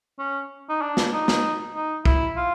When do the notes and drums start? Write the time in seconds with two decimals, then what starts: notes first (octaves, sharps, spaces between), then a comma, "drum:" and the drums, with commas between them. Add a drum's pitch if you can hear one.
0.19 C#4
0.69 D#4
0.82 D4
0.97 drum: snare
1.13 D#4
1.28 drum: snare
1.75 D#4
2.05 E4, drum: kick
2.37 F4